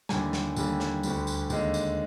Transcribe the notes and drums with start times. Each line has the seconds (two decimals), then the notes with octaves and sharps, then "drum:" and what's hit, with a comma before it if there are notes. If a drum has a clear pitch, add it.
0.09 D#2 D3 G3 G#5, drum: snare
0.33 drum: snare
0.56 D#2 D3 G3, drum: tambourine
0.80 drum: snare
1.03 D2 D3 G3, drum: tambourine
1.27 drum: tambourine
1.50 D#2 D3 G#3, drum: tambourine
1.74 drum: tambourine